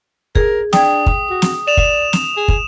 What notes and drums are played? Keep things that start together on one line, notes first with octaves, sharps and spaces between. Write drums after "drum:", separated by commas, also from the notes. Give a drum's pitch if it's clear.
G#4 A#4, drum: kick
D4 G5 D#6 G#6, drum: snare
drum: kick
F#4
drum: snare
D5 E7 F7
drum: kick
drum: snare
G#4
drum: kick